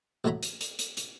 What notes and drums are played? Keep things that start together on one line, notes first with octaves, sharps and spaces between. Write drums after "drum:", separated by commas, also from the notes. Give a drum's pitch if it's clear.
A1 A2 F#3 C#5 A#5 B5
drum: hi-hat
drum: hi-hat
drum: hi-hat
drum: hi-hat